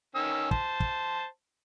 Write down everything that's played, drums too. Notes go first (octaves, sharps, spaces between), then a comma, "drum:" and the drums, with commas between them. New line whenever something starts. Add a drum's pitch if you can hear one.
D#3 C#4 E6
C5 A5, drum: kick
drum: kick